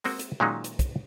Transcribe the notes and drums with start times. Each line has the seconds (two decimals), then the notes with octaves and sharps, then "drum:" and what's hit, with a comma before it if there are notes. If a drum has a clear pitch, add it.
0.04 G#3 A#3 C4 F#4, drum: open hi-hat
0.19 drum: hi-hat
0.40 A#2 D#3 F#3 G#3 C#4 D#4
0.64 drum: hi-hat
0.79 drum: kick, hi-hat